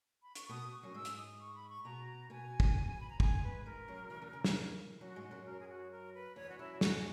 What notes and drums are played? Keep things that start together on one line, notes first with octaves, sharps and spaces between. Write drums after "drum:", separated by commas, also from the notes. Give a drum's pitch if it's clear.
B5
C#6, drum: hi-hat
B2 B3 D#6
C#6
F#2 F#3
G#2 G#3 E6
drum: hi-hat
D#6
C#6
B5
C#6
B2 B3 A#5
B2 B3 G#5
drum: kick
B5
A#5
G#2 G#3 G#5, drum: kick
B4
G#2 G#3 A#4
F#2 F#3
E2 E3
E2 E3
C#3
C#3, drum: snare
D#3
E4
F#2 F#3 F#4
G#2 G#3
F#4
F#2 F#3
A#4
G#4
F#4
A#4
B4
E2 E3 C#5
G#3 F#4
F#2 F#3 E4
G#2 G#3 F#4, drum: snare